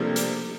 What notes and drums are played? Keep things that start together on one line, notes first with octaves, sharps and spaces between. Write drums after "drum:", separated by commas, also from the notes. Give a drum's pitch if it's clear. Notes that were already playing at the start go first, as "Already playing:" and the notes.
Already playing: C3 F3 G3 A3 A#3 D4
drum: hi-hat